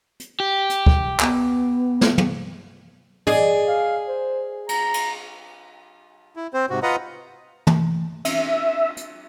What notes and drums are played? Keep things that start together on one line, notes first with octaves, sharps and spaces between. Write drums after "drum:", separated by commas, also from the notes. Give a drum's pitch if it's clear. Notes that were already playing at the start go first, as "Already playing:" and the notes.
drum: hi-hat
G4
drum: hi-hat
drum: kick
B3, drum: clap
drum: snare
drum: tom
G#4 D5 D#5, drum: tom
F5
C5
A#5, drum: cymbal
drum: cymbal
E4
C4 C5
G#2 C3 F#4
F4 B4 D#5 F#5 A#5
drum: tom
E5, drum: cymbal
drum: hi-hat